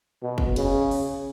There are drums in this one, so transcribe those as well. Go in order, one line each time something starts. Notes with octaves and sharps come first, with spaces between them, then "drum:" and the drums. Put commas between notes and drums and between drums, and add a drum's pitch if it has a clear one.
B2
drum: kick
C#3, drum: cymbal
drum: open hi-hat